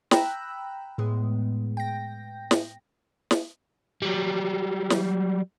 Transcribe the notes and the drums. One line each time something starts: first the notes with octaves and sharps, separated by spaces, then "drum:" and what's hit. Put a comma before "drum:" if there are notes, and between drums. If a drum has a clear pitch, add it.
G5 A#5 B5 E6 F#6, drum: snare
A2 G#3 B3
G5 A#6
drum: snare
drum: snare
F#3 G3
drum: snare